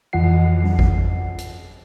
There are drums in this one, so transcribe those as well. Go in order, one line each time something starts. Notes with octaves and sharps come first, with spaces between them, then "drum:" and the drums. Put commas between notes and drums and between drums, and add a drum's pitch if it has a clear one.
F2 E3 F4 F#5 C7, drum: cymbal
drum: tom F#3
drum: kick G#1
drum: hi-hat